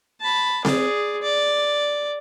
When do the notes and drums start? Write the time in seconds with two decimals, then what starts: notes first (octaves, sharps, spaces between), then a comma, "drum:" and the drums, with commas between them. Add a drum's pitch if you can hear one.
0.21 A5 B5
0.65 G#4 D5, drum: snare C4
1.21 D5